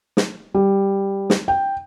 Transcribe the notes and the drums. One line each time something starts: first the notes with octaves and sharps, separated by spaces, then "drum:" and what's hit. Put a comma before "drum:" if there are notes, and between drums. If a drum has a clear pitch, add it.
drum: snare
G3
drum: snare
G5